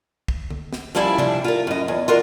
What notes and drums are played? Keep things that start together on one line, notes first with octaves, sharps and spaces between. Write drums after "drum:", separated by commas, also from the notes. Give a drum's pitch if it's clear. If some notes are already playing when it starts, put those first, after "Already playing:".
drum: kick
drum: tom D3
drum: snare
F#2 F3 G3 E4 D5 F5
F3 G3 D4 E4, drum: tom C3
F4 A#4
F#2 D#5
E2
F4 F#4 A#4 D5